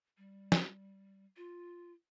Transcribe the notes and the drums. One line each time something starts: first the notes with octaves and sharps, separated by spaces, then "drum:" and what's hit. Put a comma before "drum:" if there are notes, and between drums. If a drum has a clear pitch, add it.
G3
drum: snare
F4